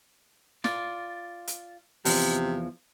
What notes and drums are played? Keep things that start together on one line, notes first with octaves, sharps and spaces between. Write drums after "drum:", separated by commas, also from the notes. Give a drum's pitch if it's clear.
F4 D5, drum: snare
drum: hi-hat
E2 C3 F3, drum: open hi-hat